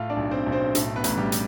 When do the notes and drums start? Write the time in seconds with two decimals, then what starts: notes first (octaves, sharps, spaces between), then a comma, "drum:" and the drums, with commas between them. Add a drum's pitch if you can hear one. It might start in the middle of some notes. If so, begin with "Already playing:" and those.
Already playing: A2 F4 F5
0.10 D4 D5
0.16 B1
0.31 C4 C5
0.46 B1
0.52 C4 C5
0.75 A2, drum: hi-hat
0.96 B3 B4
1.04 A1, drum: hi-hat
1.17 G3 G4
1.32 drum: hi-hat